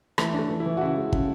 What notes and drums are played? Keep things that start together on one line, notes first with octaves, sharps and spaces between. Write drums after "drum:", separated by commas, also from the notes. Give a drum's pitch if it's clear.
E3 A3, drum: rim click
D4
A3
E3
E4
E3
F#4
C#3 E4
G#3
C#3, drum: kick